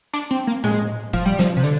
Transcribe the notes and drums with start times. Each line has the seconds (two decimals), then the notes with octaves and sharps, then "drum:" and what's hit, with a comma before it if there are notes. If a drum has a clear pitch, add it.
0.13 D4, drum: hi-hat
0.31 C4
0.47 A#3
0.64 G#3, drum: tom A2
1.13 F3, drum: kick F#1, hi-hat
1.26 G3
1.39 F3, drum: snare
1.57 C3
1.64 D3, drum: hi-hat